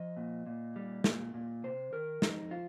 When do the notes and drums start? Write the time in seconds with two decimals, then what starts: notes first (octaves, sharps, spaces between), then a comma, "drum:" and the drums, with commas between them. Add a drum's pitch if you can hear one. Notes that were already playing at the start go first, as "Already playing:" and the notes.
Already playing: F3 D#5
0.17 A#2
0.47 A#2
0.76 G3
1.04 A#2, drum: snare
1.34 A#2
1.64 C3 C5
1.93 D#3 A#4
2.22 F2 D#4, drum: snare
2.51 F3 F4